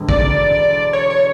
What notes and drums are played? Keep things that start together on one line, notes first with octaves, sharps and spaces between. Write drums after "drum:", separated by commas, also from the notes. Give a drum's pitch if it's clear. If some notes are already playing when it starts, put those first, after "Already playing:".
Already playing: E1 D3
D5, drum: kick
C#5
C#5